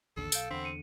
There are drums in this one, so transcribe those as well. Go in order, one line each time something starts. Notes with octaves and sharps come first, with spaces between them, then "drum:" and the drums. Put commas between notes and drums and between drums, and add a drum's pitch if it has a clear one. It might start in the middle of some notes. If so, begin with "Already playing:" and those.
A1 D#2 D3 A4
B1 F5 G6 D7, drum: tambourine
E2 D3 C4 F#5 B5 B6
C#7 D#7